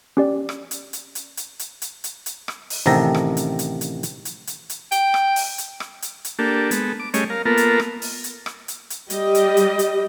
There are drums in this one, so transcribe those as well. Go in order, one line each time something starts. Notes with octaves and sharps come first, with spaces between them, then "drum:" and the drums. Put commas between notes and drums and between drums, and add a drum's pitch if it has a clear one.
C#4 G4 D5
drum: rim click
drum: hi-hat
drum: hi-hat
drum: hi-hat
drum: hi-hat
drum: hi-hat
drum: hi-hat
drum: hi-hat
drum: hi-hat
drum: rim click
drum: open hi-hat
A1 C3 D#3 A4 A#5
drum: rim click
drum: hi-hat
drum: hi-hat
drum: hi-hat
drum: hi-hat
drum: hi-hat
drum: hi-hat
drum: hi-hat
G5, drum: hi-hat
drum: rim click
drum: open hi-hat
drum: hi-hat
drum: rim click
drum: hi-hat
drum: hi-hat
A#3 D4 G4 A4
G#3 B3 A4, drum: hi-hat
D6
G3 A3 C#4 G#4 C#5 D#5, drum: hi-hat
A#4 F5
A#3 B3 F4 A4 A#4
drum: hi-hat
drum: rim click
drum: open hi-hat
drum: hi-hat
drum: rim click
drum: hi-hat
drum: hi-hat
G3 G4 D#5, drum: hi-hat
drum: hi-hat
drum: hi-hat
drum: hi-hat